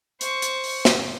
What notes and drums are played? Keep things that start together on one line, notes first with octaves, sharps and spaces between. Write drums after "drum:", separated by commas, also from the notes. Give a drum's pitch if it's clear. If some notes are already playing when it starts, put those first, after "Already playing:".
C5 C#6, drum: hi-hat
drum: hi-hat
drum: open hi-hat
drum: snare